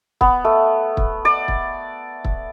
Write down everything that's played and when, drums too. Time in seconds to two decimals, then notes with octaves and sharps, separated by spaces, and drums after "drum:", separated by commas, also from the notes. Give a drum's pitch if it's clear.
0.21 B3, drum: kick
0.44 A3
0.97 drum: kick
1.25 D5
1.48 drum: kick
2.25 drum: kick